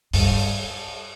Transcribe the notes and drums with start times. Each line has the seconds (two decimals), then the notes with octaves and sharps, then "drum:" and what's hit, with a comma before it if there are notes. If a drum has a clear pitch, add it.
0.13 G2, drum: open hi-hat